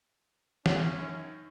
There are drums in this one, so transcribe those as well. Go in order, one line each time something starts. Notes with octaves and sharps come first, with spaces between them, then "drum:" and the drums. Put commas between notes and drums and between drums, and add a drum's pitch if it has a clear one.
C#4, drum: snare
F#2 D#3